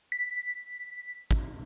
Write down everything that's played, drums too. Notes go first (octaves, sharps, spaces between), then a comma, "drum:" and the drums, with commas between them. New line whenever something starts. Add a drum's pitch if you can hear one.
B6
drum: kick